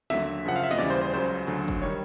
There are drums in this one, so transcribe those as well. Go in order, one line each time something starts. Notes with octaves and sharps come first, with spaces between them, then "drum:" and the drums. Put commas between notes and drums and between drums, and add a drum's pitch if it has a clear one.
D#2 D3 F#3 E5, drum: snare
F#2 C#3 F3 F#5
F5
E5
D#5, drum: snare
D#2 C#3 E3 G3 D5
C5
C5
C#2 C#3 F#3 C5
D2 D3 F#3
drum: kick
D#3 G3 C#5